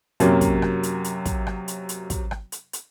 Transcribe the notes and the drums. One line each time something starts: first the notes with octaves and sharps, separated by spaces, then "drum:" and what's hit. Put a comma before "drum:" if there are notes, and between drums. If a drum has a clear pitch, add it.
F#2 C3 F#3 A#3, drum: hi-hat
drum: kick, hi-hat
drum: rim click
drum: hi-hat
drum: hi-hat
drum: kick, hi-hat
drum: rim click
drum: hi-hat
drum: hi-hat
drum: kick, hi-hat
drum: rim click
drum: hi-hat
drum: hi-hat